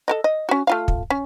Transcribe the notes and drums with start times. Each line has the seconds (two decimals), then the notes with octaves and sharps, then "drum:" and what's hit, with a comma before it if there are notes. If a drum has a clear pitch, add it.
0.08 A4 A#4 D#5
0.24 D#5
0.49 C#4 F#4
0.67 A3 F4 F5
0.88 drum: kick
1.10 C#4